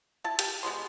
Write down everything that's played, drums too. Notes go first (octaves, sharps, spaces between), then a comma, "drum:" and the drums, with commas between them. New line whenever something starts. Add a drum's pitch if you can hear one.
E4 A5
G4, drum: hi-hat
B2 G#3 B3 C6